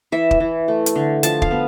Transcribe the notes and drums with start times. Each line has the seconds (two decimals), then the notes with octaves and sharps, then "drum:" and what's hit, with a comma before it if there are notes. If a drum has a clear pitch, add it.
0.12 E3 E5
0.31 drum: kick
0.40 E3
0.68 A3
0.86 drum: hi-hat
0.96 D3
1.23 F3 A5, drum: hi-hat
1.42 F5, drum: kick
1.51 B3